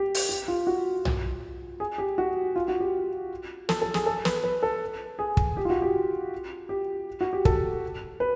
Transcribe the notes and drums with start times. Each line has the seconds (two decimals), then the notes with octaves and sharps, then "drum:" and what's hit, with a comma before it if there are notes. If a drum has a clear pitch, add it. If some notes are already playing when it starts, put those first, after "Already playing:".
Already playing: G4
0.15 drum: open hi-hat
0.29 G4
0.48 F4
0.67 F#4
1.05 drum: tom B1
1.80 G#4
1.98 G4
2.18 F#4
2.56 F4
2.68 F#4
2.80 G4
3.69 A4, drum: snare
3.82 A4
3.94 G#4, drum: snare
4.06 A4
4.25 B4, drum: snare
4.44 B4
4.63 A4
5.19 G#4
5.37 drum: kick
5.57 G4
5.65 F4
5.70 F#4
5.82 G4
6.69 G4
7.21 F#4
7.33 G4
7.45 A4, drum: kick
8.20 B4